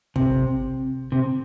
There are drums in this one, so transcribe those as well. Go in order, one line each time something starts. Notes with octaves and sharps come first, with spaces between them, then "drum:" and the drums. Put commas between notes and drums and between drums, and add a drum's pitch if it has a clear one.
C3, drum: kick
C3